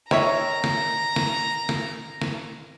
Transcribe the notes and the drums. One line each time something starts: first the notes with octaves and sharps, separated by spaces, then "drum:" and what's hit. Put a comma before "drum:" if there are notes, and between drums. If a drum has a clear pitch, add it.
D#3 C#5 E5 A#5, drum: snare
drum: snare
drum: snare
drum: snare
drum: snare